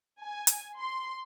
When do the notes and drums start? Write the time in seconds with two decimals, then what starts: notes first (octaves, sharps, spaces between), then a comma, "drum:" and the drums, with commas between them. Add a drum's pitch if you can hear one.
0.23 G#5
0.47 drum: hi-hat
0.78 C6